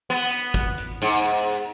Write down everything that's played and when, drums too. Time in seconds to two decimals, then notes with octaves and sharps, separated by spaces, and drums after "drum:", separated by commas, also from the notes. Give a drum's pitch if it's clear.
0.10 B3
0.30 drum: hi-hat
0.54 drum: kick, hi-hat
0.78 drum: hi-hat
1.02 G#2, drum: hi-hat
1.25 drum: hi-hat
1.49 drum: open hi-hat